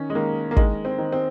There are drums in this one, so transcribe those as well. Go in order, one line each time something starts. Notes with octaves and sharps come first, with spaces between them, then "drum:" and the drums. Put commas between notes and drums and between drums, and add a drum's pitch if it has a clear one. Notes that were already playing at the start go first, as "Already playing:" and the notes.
Already playing: D#3 C#4
G#3
D#3 A#3
A#3
D#3 G#3, drum: kick
C4
D#3
C4